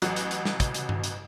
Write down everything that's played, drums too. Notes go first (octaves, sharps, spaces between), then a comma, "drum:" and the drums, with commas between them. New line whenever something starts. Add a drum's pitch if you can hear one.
A1 F#3 F#4, drum: hi-hat
drum: hi-hat
drum: hi-hat
drum: snare
drum: kick, hi-hat
drum: hi-hat
drum: tom G2
drum: hi-hat